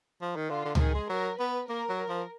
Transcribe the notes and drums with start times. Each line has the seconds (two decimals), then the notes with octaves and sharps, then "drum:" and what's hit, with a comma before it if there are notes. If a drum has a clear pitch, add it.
0.22 F3
0.36 D#3
0.50 D3 F4
0.65 D3
0.75 F3, drum: tom C#2
0.79 D#3 G#4
0.95 G#3
1.09 F#3 A#4
1.39 B3 B4
1.69 A#3 A#4
1.89 F#3
2.09 F3